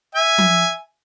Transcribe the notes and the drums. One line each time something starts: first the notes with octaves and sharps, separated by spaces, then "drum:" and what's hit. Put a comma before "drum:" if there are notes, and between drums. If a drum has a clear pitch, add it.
E5 G#5
drum: tom F3